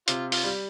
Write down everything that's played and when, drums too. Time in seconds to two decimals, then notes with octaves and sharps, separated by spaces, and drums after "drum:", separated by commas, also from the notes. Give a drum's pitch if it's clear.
0.08 C3 F4, drum: hi-hat
0.32 F4, drum: open hi-hat
0.44 G3